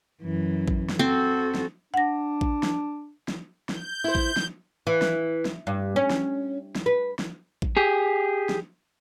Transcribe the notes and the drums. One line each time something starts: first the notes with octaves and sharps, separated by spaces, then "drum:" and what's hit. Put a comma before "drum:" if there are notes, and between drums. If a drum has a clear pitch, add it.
F#2 E3
drum: kick A1
drum: snare
C4 F#4 A4
drum: snare
D4 F#5 A#6
drum: kick A1
drum: snare
drum: snare
G6, drum: snare
E4 C5
drum: kick A1
drum: snare
E3
drum: snare
drum: snare
G2
C#4
drum: snare
drum: snare
B4
drum: snare
drum: kick A1
G4 G#4
drum: snare